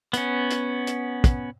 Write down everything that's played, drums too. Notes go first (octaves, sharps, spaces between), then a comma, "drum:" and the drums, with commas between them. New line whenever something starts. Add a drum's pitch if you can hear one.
B3 C#4, drum: hi-hat
drum: hi-hat
drum: hi-hat
drum: kick, hi-hat